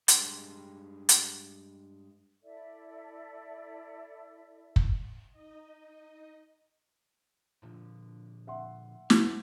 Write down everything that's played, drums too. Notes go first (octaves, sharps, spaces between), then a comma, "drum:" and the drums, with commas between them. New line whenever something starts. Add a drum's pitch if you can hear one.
G2 G#3 C6, drum: hi-hat
drum: hi-hat
E4 A4 D5 E5
drum: kick
D#4 D#5
A#2 D3 F3
E5 F#5 C6
A#4, drum: snare